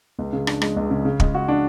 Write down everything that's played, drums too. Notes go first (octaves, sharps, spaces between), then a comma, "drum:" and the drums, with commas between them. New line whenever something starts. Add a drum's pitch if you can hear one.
C#2
C#3
D4, drum: rim click
G#3, drum: rim click
C#2
C#3
C#3
G#3, drum: kick
F#4
D4